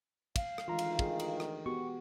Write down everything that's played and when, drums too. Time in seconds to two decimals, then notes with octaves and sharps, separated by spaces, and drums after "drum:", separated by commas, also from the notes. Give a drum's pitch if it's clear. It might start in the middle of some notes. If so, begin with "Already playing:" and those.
0.36 F5, drum: kick, cymbal
0.58 drum: rim click
0.68 D2 D#3 E3 G#3 F4 A#5
0.79 drum: cymbal
0.99 G#4, drum: kick
1.20 drum: cymbal
1.40 drum: rim click
1.66 B3 F#4 G4 C#6